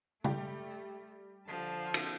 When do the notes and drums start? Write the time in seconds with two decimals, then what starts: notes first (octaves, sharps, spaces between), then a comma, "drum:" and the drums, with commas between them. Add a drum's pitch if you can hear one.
0.24 G3 A3 G4, drum: tom
1.47 D3 F3 A5
1.94 drum: cymbal